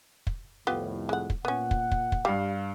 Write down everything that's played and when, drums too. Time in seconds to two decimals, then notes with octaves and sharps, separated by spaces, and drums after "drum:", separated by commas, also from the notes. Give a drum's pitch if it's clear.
0.27 drum: kick
0.67 C2 F2 A2 B3 F4 G4
1.09 G#3 F#5
1.30 drum: kick
1.45 A#2 B3 C#4 F#5
1.71 drum: kick
1.91 drum: kick
2.12 drum: kick
2.25 G2 G3 F5